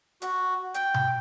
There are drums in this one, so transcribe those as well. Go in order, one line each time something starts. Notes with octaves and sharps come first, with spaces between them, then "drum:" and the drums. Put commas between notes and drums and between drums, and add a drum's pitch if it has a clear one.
F#4, drum: hi-hat
G5, drum: hi-hat
drum: tom B2